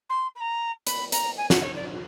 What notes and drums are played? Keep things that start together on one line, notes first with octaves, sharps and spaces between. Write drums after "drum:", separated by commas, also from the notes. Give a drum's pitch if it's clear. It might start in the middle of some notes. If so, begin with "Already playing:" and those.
C6
B5
A#5
B5, drum: hi-hat
A#5, drum: hi-hat
G#5
F#5, drum: snare
C#5
D5